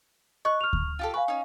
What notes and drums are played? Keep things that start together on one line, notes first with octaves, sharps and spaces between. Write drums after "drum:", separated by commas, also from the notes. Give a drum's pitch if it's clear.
D#5 C#6 F#6
F6 F7
drum: kick D2
F4 G4 A4
B4 F5 G#5 C#6
C#4 D#4